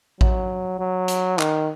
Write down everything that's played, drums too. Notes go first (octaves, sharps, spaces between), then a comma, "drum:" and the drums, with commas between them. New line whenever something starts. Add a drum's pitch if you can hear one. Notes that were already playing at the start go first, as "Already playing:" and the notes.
F#3, drum: kick A1
F#3
drum: hi-hat
D#3, drum: clap